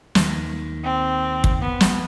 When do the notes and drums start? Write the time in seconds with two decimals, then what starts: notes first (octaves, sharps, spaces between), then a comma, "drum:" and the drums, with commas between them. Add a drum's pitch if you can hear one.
0.15 D#2 D#3, drum: snare
0.84 C4
1.44 drum: kick
1.62 B3
1.81 drum: snare